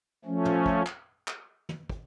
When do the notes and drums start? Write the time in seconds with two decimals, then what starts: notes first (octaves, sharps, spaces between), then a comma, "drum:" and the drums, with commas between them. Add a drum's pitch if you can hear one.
0.25 F3 A3 C#4
0.45 drum: tom
0.66 drum: kick
0.86 drum: clap
1.28 drum: clap
1.69 drum: tom
1.89 drum: kick